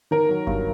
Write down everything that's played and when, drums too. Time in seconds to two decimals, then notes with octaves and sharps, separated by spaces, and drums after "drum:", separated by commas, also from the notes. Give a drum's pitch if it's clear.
0.11 D#3 A#4
0.29 F#3
0.47 G2, drum: kick